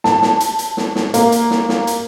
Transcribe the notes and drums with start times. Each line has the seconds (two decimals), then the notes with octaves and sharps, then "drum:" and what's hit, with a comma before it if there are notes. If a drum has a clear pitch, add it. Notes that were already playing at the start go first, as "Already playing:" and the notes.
0.04 A5, drum: snare
0.22 drum: snare
0.40 drum: hi-hat
0.59 drum: hi-hat
0.77 drum: snare
0.95 drum: snare
1.14 A#3, drum: hi-hat
1.32 drum: hi-hat
1.51 drum: snare
1.69 drum: snare
1.87 drum: hi-hat